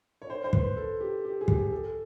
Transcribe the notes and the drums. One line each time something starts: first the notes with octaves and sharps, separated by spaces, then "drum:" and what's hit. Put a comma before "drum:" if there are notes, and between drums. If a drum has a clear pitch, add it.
C#5
C5
C5
B4, drum: kick
A4
G4
G4
G#4
G4, drum: kick
A4